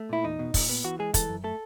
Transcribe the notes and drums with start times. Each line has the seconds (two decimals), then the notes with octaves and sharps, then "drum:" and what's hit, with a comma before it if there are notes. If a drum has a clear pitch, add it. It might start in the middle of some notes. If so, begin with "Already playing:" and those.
Already playing: A3
0.09 A#2 E4
0.24 E2 D#4
0.39 B2
0.54 A#2, drum: kick, open hi-hat
0.69 B3
0.84 E3 F#4
0.99 G#3 G#4
1.14 E3 A4, drum: kick, hi-hat
1.29 F#2
1.44 A3 A4